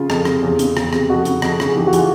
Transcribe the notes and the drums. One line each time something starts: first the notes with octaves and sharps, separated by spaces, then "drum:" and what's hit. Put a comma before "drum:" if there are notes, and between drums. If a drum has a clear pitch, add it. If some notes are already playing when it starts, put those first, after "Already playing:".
Already playing: C#3 F4
F2, drum: rim click
C3, drum: rim click
E2
C#3, drum: hi-hat
E2, drum: rim click
C3, drum: rim click
F2 F#4
C#3, drum: hi-hat
F2, drum: rim click
C#3, drum: rim click
G#4
E3 G4
F#4
E3 F4, drum: hi-hat